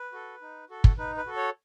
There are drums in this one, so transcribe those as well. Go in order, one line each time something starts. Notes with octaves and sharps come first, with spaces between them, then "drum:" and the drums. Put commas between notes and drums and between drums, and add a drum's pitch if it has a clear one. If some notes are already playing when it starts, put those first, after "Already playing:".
Already playing: B4
F#4 A4
D#4
F#4 A4
drum: kick
D#4 B4
B4
F#4 A4
C#5